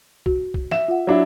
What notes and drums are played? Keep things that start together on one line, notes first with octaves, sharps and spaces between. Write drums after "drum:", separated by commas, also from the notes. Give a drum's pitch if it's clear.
F#4, drum: kick
drum: kick
E5 E7, drum: snare
F4 F#5
F#3 D4 E4